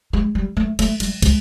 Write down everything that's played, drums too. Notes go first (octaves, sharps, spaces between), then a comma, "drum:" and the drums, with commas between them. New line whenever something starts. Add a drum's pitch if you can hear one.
G#3
G3
A3
A3, drum: cymbal
G3, drum: cymbal
G#3, drum: kick, cymbal